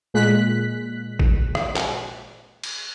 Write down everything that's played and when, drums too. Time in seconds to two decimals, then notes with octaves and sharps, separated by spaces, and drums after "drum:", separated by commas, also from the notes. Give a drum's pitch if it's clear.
0.14 A#2 G#3 F#6 B6
1.19 drum: kick
1.55 drum: rim click
1.76 drum: clap
2.64 drum: cymbal